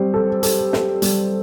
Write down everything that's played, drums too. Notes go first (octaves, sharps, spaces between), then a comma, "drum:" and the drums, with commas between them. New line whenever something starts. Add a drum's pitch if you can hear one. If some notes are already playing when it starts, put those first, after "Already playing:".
Already playing: G3 C4
A4
A4, drum: hi-hat
A4, drum: snare
G3, drum: hi-hat